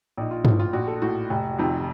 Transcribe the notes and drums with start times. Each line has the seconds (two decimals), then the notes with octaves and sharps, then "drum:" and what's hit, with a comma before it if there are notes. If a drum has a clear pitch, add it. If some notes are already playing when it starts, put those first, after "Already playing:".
0.17 A#1 D#4
0.31 F4
0.45 A2 F4, drum: tom
0.59 F4
0.73 A#1 F#4
0.87 A4
1.02 A2 F#4
1.30 F1
1.58 F2 C3 D#3